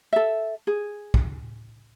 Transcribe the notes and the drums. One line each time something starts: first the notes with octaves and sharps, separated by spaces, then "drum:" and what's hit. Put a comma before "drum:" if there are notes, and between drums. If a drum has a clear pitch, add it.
A4 E5
G#4
drum: kick